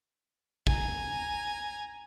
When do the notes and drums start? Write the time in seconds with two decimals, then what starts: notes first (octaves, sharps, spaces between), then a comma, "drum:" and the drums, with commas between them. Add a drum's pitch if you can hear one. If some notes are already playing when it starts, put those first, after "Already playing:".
0.67 G#5 A#5, drum: kick